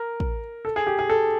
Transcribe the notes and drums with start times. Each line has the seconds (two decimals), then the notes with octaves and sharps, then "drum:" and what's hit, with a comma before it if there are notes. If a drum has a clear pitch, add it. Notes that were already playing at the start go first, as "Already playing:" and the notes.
Already playing: A#4
0.20 drum: kick
0.65 A4
0.76 G#4
0.87 G4
0.99 G#4
1.10 A4